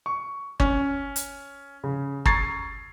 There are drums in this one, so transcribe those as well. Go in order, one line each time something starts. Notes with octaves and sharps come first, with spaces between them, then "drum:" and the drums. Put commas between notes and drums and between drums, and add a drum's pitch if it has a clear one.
C#6
C#4, drum: kick
drum: hi-hat
C#3
A#5 C#6 G#6 A6 C7, drum: kick